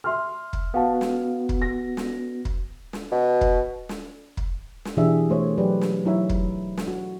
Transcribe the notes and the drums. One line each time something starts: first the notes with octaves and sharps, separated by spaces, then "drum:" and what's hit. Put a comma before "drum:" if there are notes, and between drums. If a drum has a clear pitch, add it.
E5 C6 F6
drum: kick
B3 F#4 F5 A5
drum: snare
drum: kick
A#6
drum: snare
drum: kick
drum: snare
B2
drum: kick
drum: snare
drum: kick
drum: snare
B2 E3 D4 G4 G#4 E5
A3 C5 C#5 E5
F#3 G4 B4 C5 D5
drum: snare
F#3 D#4 E4 C#5 E5
drum: kick
drum: snare
F#4